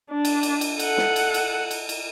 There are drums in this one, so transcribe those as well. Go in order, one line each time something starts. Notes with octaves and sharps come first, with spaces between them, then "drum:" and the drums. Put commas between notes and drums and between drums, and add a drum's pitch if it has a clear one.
D4
drum: cymbal
drum: cymbal
drum: cymbal
A4 F#5, drum: cymbal
drum: snare
drum: cymbal
drum: cymbal
drum: cymbal
drum: cymbal